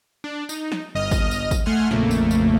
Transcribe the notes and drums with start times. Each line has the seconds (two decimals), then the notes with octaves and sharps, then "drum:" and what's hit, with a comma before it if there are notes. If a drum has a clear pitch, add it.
0.24 D4
0.49 D#4, drum: tambourine
0.72 drum: snare
0.95 G1 D#5 D#6 F6
1.11 drum: kick, tambourine
1.31 drum: tambourine
1.51 drum: kick, tambourine
1.66 A3 F#5 G#5 C6 F6
1.91 A#1 F2 C#3 A3 A#3, drum: snare
2.11 drum: tambourine
2.31 drum: tambourine